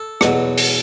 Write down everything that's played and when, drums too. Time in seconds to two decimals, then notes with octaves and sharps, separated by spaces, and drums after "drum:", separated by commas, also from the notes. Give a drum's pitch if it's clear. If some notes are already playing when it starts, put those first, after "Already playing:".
Already playing: A4
0.21 E2 B2 F#3, drum: rim click
0.58 drum: open hi-hat